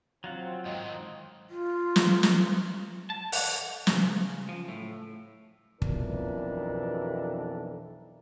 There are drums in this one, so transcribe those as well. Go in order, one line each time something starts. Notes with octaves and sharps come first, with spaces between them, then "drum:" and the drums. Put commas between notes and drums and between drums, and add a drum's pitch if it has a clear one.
F#3 C4 F4 F#5
G#2 D#3 D#5
F4
drum: snare
drum: snare
A5
F#5, drum: open hi-hat
C#3, drum: snare
F3
A2
B1 F2 B2 E3 D4 A#4, drum: kick